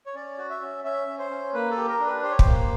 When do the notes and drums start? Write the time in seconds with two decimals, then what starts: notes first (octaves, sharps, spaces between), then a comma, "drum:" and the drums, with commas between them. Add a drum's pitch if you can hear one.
0.06 C#5
0.15 C#4 D5
0.38 F#4
0.50 E5
0.61 C#4
0.84 C#4 E5
1.07 C#4
1.19 C5
1.31 C#4
1.53 A#3 B4
1.71 A4
1.76 G4
1.88 A#4
2.00 D4
2.06 B4
2.23 G4 C5
2.31 C#5
2.39 C5, drum: kick
2.46 A#3